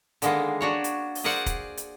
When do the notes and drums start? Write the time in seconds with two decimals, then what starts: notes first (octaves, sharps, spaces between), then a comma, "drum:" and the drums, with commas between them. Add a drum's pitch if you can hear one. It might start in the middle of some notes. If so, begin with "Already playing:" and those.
0.22 D3 D#3 G#3 A#3 B3, drum: hi-hat
0.61 D4 F#4 C#5
0.84 drum: hi-hat
1.15 drum: open hi-hat
1.24 G#4 A#4 C5 D5 F#5
1.46 drum: kick, hi-hat
1.77 drum: hi-hat